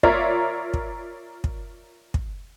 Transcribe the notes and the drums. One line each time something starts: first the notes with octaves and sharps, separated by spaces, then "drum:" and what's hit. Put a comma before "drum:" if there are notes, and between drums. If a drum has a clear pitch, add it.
F4 A#4 C#5 D5 E5 A#5, drum: kick
drum: kick
drum: kick
drum: kick